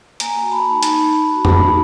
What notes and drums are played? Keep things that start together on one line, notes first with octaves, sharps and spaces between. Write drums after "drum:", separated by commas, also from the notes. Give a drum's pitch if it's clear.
A#3 G#5 A#5, drum: hi-hat
F#4
A#3 A5 B5
D#4
D#4, drum: hi-hat
A#3
A#3
F#4
A#3 A5 B5, drum: tom F2
D#4